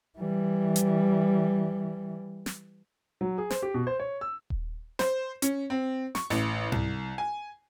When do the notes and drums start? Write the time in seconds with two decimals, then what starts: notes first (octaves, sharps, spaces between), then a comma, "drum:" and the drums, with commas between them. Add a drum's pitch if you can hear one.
0.19 E3 G3
0.76 drum: hi-hat
2.46 drum: snare
3.21 F#3
3.38 G#4
3.50 C5, drum: snare
3.62 G4
3.74 B2
3.87 C5
4.00 C#5
4.21 E6
4.50 drum: kick D#1
4.99 C5, drum: snare
5.42 C#4, drum: hi-hat
5.70 C4
6.15 C#6, drum: snare
6.30 A1, drum: snare
6.72 C2, drum: tom G#2
7.18 G#5